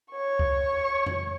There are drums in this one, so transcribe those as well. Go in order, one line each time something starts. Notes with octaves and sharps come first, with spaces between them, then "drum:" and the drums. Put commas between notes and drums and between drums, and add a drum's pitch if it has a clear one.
C#5 C#6
drum: kick C#2
drum: tom F2